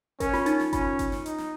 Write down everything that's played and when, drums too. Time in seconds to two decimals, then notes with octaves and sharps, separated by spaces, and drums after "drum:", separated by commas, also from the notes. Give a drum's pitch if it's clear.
0.20 C#4 A#4, drum: kick G1, hi-hat
0.33 F4, drum: snare
0.46 D#4, drum: hi-hat
0.60 drum: snare
0.73 C#4 F4, drum: kick G1, hi-hat
0.99 drum: kick G1, hi-hat
1.12 drum: snare
1.26 D#4, drum: hi-hat
1.38 drum: snare